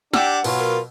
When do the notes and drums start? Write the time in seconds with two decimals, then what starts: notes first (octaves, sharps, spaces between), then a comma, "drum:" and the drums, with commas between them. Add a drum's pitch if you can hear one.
0.13 D4 G4 F#5 G5 E6, drum: snare
0.44 B2 F#3 F4 B4, drum: open hi-hat
0.59 A#4